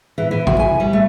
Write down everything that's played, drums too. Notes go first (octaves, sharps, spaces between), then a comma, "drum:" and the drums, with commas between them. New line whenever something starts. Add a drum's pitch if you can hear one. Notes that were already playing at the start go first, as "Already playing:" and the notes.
E3
E3
F#4, drum: kick
G#5
G3
A3